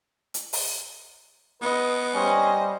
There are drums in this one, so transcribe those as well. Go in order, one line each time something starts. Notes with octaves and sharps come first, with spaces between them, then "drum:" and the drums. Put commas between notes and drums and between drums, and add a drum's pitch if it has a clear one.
drum: hi-hat
drum: open hi-hat
B3 B4 D#5
G3 C#4 C5 D#5